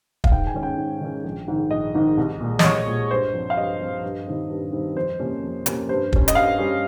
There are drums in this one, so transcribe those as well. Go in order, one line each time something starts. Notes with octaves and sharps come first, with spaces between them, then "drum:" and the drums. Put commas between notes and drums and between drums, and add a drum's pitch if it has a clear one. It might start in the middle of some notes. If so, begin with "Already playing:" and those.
F5, drum: kick
G#2 G5
G#5
D#3 G#3 C#4
G5
G#2
D#3 G#3 C#4
A#1
G#2 D#3
A#1 D#5
G#2 D#3
C2
A#2 G#3
D#5, drum: snare
C2 C#5
A#2 G#3
G2 C5
F3 C4
F5
G2 D#5
F3 C4
G2
D#3 G3 C4
G2
D#3 G3 C4
F2 C5
C3 F3 A#3 C#4
F2
C3 F3 A#3 C#4, drum: hi-hat
G2 C5
G3 C#4, drum: kick
D#5, drum: hi-hat
G2 F5
G3 C#4